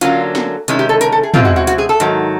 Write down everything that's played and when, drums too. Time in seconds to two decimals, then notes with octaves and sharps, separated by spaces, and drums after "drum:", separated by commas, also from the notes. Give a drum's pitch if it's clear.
0.01 D3 F#3 A#3 C#4 F4, drum: hi-hat
0.35 drum: snare
0.68 C3 D#3 G#3 C#4 E4, drum: hi-hat
0.79 G4
0.89 A4
1.01 A#4, drum: hi-hat
1.12 A4
1.23 G#4
1.34 B2 G#3 C4 E4 F4, drum: tom
1.45 F#4
1.56 F#4
1.67 F#4, drum: hi-hat
1.78 G#4
1.89 A4
2.00 G#2 D#3 F#3, drum: hi-hat